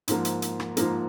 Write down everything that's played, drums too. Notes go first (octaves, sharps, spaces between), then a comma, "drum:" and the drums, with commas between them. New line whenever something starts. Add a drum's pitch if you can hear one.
G#2 F3 A#3, drum: hi-hat
drum: hi-hat
drum: hi-hat
drum: rim click
G#2 F3 A#3, drum: hi-hat